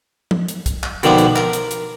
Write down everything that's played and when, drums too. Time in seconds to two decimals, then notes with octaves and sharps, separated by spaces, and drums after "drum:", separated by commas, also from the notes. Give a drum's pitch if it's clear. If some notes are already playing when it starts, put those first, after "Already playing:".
0.31 drum: tom F3
0.48 drum: hi-hat
0.66 drum: kick, hi-hat
0.83 drum: clap
1.03 B2 D3 D#3 F3 D4, drum: hi-hat
1.18 drum: hi-hat
1.36 A#4, drum: clap
1.53 drum: hi-hat
1.71 drum: hi-hat